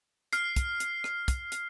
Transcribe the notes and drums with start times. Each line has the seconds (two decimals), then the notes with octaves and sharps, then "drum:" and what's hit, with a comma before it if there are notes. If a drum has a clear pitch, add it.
0.33 F6 C7, drum: hi-hat
0.56 drum: kick, hi-hat
0.80 drum: hi-hat
1.04 drum: rim click
1.28 drum: kick, hi-hat
1.52 drum: hi-hat